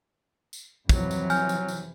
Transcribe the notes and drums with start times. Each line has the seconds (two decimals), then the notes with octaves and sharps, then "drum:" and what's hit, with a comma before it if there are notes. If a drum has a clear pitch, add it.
0.53 drum: tambourine
0.89 F2 C3 E3 F#3, drum: kick, tambourine
1.11 drum: tambourine
1.30 G#5 F6 G6, drum: tambourine
1.49 drum: tambourine
1.68 drum: tambourine